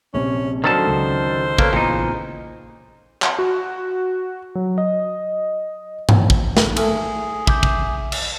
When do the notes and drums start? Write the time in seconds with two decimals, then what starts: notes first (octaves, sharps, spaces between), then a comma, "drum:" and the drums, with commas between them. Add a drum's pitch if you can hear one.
0.14 A#1 C3 C#4
0.64 F#2 D3 D#3 A4 C5 A5 A#5
0.87 C#2
1.58 A#3 A4 B4 C#5, drum: kick
1.73 E2 A#2 D#4
3.22 drum: clap
3.39 F#4
4.55 F#3
4.78 D#5
6.09 drum: tom G2
6.30 drum: kick
6.57 drum: snare
6.77 A3 G#4, drum: cymbal
7.47 E5 D6 G6, drum: kick
7.63 drum: kick
8.12 drum: cymbal